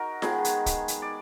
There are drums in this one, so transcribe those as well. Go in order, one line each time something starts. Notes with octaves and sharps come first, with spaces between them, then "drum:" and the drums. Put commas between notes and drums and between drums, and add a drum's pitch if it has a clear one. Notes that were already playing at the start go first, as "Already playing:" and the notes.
Already playing: D#4 F#4 A#4
D#3 G#3 B3 G#4 B4, drum: snare F4
drum: hi-hat
drum: kick, hi-hat
drum: hi-hat
D5